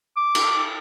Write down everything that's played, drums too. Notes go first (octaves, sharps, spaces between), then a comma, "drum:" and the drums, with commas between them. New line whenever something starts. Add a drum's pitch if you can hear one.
D6
drum: cymbal